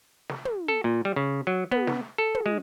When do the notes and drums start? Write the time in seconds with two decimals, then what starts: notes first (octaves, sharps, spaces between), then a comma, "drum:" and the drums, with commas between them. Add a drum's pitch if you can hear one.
0.29 drum: snare
0.45 drum: tom
0.68 A4
0.84 A#2
1.05 G3
1.16 C#3
1.47 F#3
1.71 B3, drum: tom
1.87 drum: snare
2.18 A4
2.35 drum: tom
2.46 G#3